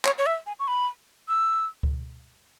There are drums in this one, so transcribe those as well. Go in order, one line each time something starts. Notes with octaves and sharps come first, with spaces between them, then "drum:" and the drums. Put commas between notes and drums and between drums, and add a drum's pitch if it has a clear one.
C#5, drum: clap
C#5
E5
G#5
C#6
B5
E6
drum: kick C#2